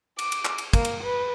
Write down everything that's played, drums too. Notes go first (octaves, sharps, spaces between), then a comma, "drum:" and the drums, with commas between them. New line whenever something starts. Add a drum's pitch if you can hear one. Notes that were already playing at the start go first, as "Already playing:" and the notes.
D6, drum: cymbal
drum: cymbal
drum: clap
drum: cymbal
A#3, drum: kick, cymbal
drum: cymbal
B4